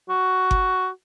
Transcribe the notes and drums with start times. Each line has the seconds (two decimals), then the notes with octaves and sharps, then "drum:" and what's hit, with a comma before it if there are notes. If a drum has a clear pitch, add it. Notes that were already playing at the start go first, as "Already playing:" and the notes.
0.10 F#4
0.51 drum: kick G1